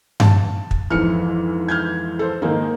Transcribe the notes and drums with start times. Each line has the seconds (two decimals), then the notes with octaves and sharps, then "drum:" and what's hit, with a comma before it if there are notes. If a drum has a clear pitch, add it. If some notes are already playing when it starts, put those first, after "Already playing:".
0.20 A5, drum: tom G2
0.71 drum: kick
0.90 F2 G#2 E3 F6 C#7
1.68 F6 G6 G#6
2.19 A4 C5
2.42 G#2 D#3 A#3 D#4